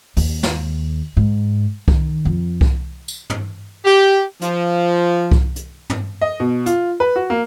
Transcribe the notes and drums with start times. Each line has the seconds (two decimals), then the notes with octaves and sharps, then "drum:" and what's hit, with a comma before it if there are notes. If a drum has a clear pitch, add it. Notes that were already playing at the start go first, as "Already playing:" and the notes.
0.17 D#2, drum: open hi-hat
0.43 drum: snare
1.17 G#2
1.88 D#3, drum: kick C2
2.25 F2
2.61 drum: kick C2
3.08 drum: tambourine
3.30 drum: tom
3.85 G4
4.42 F3, drum: hi-hat
5.31 drum: kick C2
5.56 drum: hi-hat
5.90 drum: tom
6.21 D#5
6.40 B2
6.66 F4, drum: hi-hat
7.00 B4
7.16 F#4
7.30 A#3